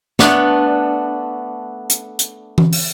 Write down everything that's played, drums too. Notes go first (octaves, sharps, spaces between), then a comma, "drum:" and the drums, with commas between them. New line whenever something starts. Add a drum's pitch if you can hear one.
A3 B3 D4, drum: snare
drum: hi-hat
drum: hi-hat
drum: tom E3
drum: open hi-hat